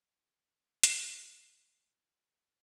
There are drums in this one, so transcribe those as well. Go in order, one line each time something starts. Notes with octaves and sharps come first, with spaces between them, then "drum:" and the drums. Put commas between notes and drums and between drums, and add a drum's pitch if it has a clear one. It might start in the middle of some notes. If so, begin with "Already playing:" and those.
D4, drum: hi-hat
C#4
E4